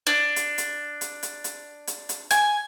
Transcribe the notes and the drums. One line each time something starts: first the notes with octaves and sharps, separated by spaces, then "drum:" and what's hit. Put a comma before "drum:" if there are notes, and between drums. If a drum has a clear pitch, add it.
D4
drum: hi-hat
drum: hi-hat
drum: hi-hat
drum: hi-hat
drum: hi-hat
drum: hi-hat
drum: hi-hat
G#5, drum: hi-hat